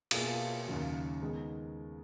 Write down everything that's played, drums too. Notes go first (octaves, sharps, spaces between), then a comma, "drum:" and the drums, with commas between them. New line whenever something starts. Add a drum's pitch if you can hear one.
B2 A#3 F4 G#4, drum: cymbal
D#2 C#3 F#3
D#3 G#3 B3